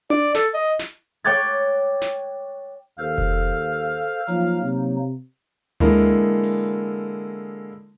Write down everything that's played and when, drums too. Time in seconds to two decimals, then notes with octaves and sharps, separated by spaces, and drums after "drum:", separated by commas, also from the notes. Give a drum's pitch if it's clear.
0.10 D5, drum: tom D4
0.35 A4, drum: snare
0.54 D#5
0.79 drum: snare
1.24 C#5 G5 D6 F#6 G#6 A6
1.38 drum: hi-hat
2.02 drum: snare
2.99 D#2 A4 C5 F5
3.18 drum: kick F1
4.28 F3 F#3 A#3 D#4, drum: hi-hat
4.62 C3
5.80 D3 E3 G#3 A#3 E4 A#4, drum: tom D2
6.43 drum: open hi-hat